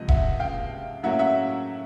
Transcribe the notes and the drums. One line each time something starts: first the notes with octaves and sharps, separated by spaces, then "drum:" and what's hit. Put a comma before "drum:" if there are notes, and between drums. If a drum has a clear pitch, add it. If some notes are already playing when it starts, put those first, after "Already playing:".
Already playing: C#2 C3 F3 D#5
E5 F#5, drum: kick E1
F5 G5
A2 F#3 A#3 C#4 E5 F#5
E5 F#5